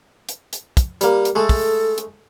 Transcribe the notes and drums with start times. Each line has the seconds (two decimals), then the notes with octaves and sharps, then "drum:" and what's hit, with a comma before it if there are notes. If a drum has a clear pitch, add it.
0.29 drum: hi-hat
0.53 drum: hi-hat
0.77 drum: kick, hi-hat
1.01 G3 A#3, drum: hi-hat
1.25 drum: hi-hat
1.35 G#3 A3 A4
1.49 drum: kick, open hi-hat
1.98 drum: hi-hat